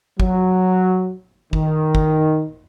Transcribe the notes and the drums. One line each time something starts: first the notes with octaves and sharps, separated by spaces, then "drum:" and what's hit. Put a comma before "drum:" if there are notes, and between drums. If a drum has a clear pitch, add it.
F#3, drum: kick
D#3, drum: kick
drum: kick